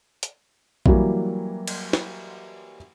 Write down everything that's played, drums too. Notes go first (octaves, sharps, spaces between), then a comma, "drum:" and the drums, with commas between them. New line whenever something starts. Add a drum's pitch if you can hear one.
drum: hi-hat
E3 F#3 G3 A#3, drum: kick A#1
drum: cymbal
drum: snare